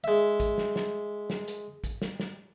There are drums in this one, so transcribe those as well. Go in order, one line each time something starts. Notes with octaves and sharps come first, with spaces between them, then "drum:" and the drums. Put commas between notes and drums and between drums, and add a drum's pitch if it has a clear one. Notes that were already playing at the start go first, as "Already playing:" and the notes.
G#3 E5
drum: kick, hi-hat
drum: snare
drum: snare
drum: snare
drum: hi-hat
drum: kick, hi-hat
drum: snare
drum: snare